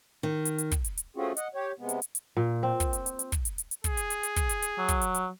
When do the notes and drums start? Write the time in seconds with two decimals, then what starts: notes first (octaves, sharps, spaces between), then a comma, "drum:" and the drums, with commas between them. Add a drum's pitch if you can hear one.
0.23 D#3
0.45 drum: hi-hat
0.59 drum: hi-hat
0.72 drum: kick, hi-hat
0.85 drum: hi-hat
0.98 drum: hi-hat
1.16 A3 C4 C#4 F4 F#4 G#4
1.37 D#5 F#5, drum: hi-hat
1.55 G4 C#5
1.79 C3 G#3 B3
1.89 drum: hi-hat
2.02 drum: hi-hat
2.15 drum: hi-hat
2.37 A#2
2.63 C4
2.80 drum: kick, hi-hat
2.93 drum: hi-hat
3.06 drum: hi-hat
3.19 drum: hi-hat
3.32 drum: kick, hi-hat
3.45 drum: hi-hat
3.58 drum: hi-hat
3.71 drum: hi-hat
3.84 G#4, drum: kick, hi-hat
3.97 drum: hi-hat
4.10 drum: hi-hat
4.23 drum: hi-hat
4.36 drum: kick, hi-hat
4.49 drum: hi-hat
4.62 drum: hi-hat
4.79 F#3
4.89 drum: kick, hi-hat
5.02 drum: hi-hat
5.15 drum: hi-hat